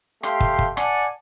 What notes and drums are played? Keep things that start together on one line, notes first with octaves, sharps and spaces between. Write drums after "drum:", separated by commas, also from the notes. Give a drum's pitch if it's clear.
A3 G4 F5 C6, drum: rim click
drum: kick
drum: kick
D5 F#5 G#5 A5, drum: rim click